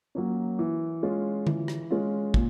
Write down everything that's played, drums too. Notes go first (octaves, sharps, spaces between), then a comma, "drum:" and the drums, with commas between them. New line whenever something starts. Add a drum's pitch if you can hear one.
F#3 A#3 C#4
E3
G#3 C#4 F4
E3, drum: tom D3
drum: rim click
G#3 C#4 F4
A#2, drum: kick